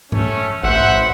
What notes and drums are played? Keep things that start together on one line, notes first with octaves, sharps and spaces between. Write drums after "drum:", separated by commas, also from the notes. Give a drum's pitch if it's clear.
A3 C#4, drum: tom G#2
A1 C5 E5 F#5
drum: tom G#2